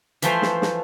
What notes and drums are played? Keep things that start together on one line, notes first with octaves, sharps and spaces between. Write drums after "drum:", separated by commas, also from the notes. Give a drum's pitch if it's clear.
E3 F3 A3 C5, drum: hi-hat
drum: snare
drum: snare